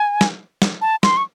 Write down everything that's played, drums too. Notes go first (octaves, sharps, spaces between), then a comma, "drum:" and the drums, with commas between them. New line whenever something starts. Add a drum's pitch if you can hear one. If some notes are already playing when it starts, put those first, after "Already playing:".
Already playing: G#5
drum: snare
drum: snare
A5
C6, drum: snare
C#6